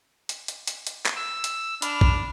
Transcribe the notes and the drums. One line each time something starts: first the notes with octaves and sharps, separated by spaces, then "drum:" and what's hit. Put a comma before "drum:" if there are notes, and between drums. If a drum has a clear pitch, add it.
drum: hi-hat
drum: hi-hat
drum: hi-hat
drum: hi-hat
drum: clap
E6
drum: hi-hat
D4 B5 F6, drum: hi-hat
drum: kick